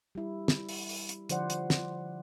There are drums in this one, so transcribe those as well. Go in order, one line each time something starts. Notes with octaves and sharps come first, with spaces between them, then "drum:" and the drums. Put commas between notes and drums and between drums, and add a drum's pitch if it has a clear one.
G3 E4
drum: snare
drum: open hi-hat
drum: open hi-hat
drum: hi-hat
D3 F3 C5 D5 F#5, drum: hi-hat
drum: hi-hat
drum: snare